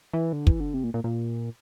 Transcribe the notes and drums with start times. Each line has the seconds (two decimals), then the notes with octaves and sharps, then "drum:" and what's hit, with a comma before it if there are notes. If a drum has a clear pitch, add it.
0.13 E3
0.33 D3
0.47 E3, drum: kick
0.60 D3
0.74 C3
0.84 A#2
0.94 A#2
1.04 A#2